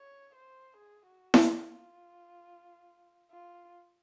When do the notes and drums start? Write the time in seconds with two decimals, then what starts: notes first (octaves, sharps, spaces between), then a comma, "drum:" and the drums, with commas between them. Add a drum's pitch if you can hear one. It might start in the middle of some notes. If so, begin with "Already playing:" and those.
Already playing: C#5
0.35 C5
0.77 G#4
1.06 F#4
1.34 G#4, drum: snare E4
1.62 F4
3.31 F4